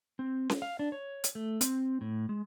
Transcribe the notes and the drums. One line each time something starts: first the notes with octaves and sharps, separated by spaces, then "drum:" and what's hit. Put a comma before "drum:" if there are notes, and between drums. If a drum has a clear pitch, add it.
C4
drum: snare C#4
F5
D4
C#5
drum: hi-hat
A3
C4, drum: hi-hat
A2
G#3